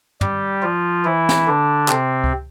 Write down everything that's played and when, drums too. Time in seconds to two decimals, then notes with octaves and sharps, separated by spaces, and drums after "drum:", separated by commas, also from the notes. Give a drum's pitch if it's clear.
0.21 G3 G4, drum: tom
0.62 F3 F4
1.05 E3 E4
1.29 drum: snare
1.47 D3 D4
1.88 C3 C4, drum: clap
2.24 drum: kick C#2